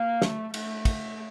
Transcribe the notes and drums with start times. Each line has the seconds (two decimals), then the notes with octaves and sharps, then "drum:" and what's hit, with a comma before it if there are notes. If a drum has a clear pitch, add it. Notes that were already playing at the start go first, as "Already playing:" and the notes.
Already playing: A#3
0.22 A3, drum: snare
0.54 A3, drum: cymbal
0.85 drum: kick, cymbal